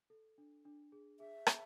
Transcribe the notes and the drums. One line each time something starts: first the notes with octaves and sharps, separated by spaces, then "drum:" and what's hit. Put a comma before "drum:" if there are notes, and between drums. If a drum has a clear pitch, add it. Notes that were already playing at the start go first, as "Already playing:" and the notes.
A4
D4
D4
G#4
G#4 E5
A5, drum: rim click